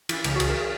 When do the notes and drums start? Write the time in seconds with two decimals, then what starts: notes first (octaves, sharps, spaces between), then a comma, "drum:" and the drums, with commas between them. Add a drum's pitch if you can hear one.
0.09 E3, drum: cymbal
0.24 C#2, drum: cymbal
0.36 F#4
0.40 C#2 G#4, drum: cymbal
0.50 A#4
0.61 G#4